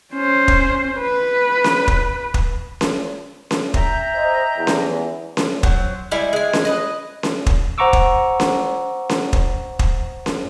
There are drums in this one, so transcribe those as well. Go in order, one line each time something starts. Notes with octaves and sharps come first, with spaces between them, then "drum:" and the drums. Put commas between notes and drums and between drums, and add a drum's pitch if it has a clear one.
C#4 C5
drum: kick
B4
drum: snare C#4
drum: kick
drum: kick
drum: snare C#4
drum: snare C#4
E5 G5 A#5, drum: kick
C5 D#5
E2
drum: snare C#4
drum: snare C#4
F#3 C5, drum: kick
G3 G#3 E4
G#3 G#5
drum: snare C#4
B4 D#5
drum: snare C#4
drum: kick
C5 F#5 A#5 C#6 D6 E6
drum: kick
drum: snare C#4
drum: snare C#4
drum: kick
drum: kick
drum: snare C#4